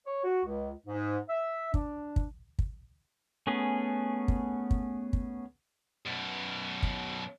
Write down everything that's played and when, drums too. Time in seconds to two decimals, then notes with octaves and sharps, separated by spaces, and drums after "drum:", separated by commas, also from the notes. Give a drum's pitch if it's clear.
0.06 C#5
0.25 F#4
0.46 C#2
0.87 G#2
1.30 E5
1.74 D4, drum: kick
2.16 drum: kick
2.59 drum: kick
3.47 A3 B3 C#4 G#4
4.28 drum: kick
4.71 drum: kick
5.13 drum: kick
6.05 F#2 B2
6.83 drum: kick